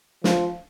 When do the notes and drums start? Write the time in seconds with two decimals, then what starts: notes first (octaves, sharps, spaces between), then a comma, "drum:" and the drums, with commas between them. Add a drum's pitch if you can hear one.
0.24 F3, drum: snare